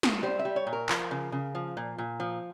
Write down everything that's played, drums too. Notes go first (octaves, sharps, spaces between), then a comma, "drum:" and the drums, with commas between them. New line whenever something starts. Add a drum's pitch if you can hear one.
drum: snare
G3 C5
E5
G3
C#5
A#2
A#4
F3, drum: clap
C#3
C#3
F3
A#2
A#2
F3